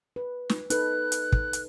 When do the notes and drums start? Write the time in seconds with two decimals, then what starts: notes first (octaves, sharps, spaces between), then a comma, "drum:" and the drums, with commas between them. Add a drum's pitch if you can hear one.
0.16 B4
0.49 drum: snare
0.70 D#4 A4 B4 F#6, drum: hi-hat
1.12 drum: hi-hat
1.32 drum: kick
1.53 drum: hi-hat